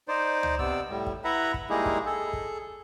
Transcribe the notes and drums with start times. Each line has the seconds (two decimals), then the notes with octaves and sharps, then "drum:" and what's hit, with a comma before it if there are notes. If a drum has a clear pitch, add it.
0.08 D#4 C5 D5
0.43 drum: tom
0.59 C3 B3 D5 E6, drum: kick
0.90 A2 G3
1.06 drum: kick
1.24 E4 B4 E5 F#5 A#5
1.54 drum: kick
1.70 G3 G#3 A#3 D#4 E4 G#4
1.86 drum: kick
2.06 G#4 A4
2.33 drum: kick